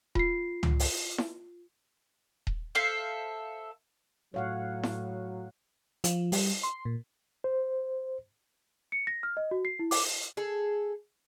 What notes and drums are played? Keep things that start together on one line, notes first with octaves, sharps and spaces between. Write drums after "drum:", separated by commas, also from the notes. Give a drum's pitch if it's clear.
F4 C7, drum: kick D#1
drum: tom
drum: open hi-hat
drum: snare E4
drum: kick D#1
A4 C5 E5 F5
A2 F#3 C#5 F5 F#5
drum: snare E4
F3, drum: hi-hat
G3, drum: open hi-hat
C6
A#2
C5
C#7
A#6
F6
D#5
F#4
C7
E4
D6, drum: open hi-hat
G#4 A4